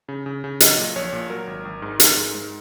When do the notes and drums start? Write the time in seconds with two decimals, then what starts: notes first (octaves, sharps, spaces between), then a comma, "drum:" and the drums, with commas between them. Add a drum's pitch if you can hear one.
0.09 C#3
0.26 C#3
0.44 C#3
0.60 F#3 D#5, drum: hi-hat
0.78 A#2
0.96 A#1 C#5
1.13 A#2
1.30 F#3 A#4
1.47 G#1
1.65 G#1
1.82 G#2
2.00 G#3, drum: hi-hat
2.17 G#2
2.35 G#2